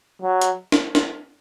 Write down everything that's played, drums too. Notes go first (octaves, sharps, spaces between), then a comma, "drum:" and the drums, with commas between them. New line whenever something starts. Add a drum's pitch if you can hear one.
F#3
drum: hi-hat
drum: snare
drum: snare